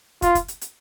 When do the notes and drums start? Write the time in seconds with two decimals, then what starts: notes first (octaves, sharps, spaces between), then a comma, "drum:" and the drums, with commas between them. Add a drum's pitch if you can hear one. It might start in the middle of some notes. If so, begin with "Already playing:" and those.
0.22 F4, drum: kick, hi-hat
0.35 drum: kick, hi-hat
0.48 drum: hi-hat
0.61 drum: hi-hat